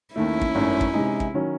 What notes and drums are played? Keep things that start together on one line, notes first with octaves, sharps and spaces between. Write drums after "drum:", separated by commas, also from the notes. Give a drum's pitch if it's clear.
D#2 D#3 A3 C#4 E4
drum: kick
G#1 F#2 D#3 A3
drum: kick
C3 E3 G#3 D#4
drum: kick
D#3 F#3 C#4